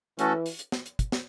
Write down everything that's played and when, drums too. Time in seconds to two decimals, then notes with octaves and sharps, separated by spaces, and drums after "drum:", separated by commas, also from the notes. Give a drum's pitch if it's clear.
0.19 E3 A3 C#4 F#4 A4, drum: hi-hat
0.46 drum: open hi-hat
0.59 drum: hi-hat
0.72 drum: snare
0.86 drum: hi-hat
0.99 drum: kick, hi-hat
1.12 drum: snare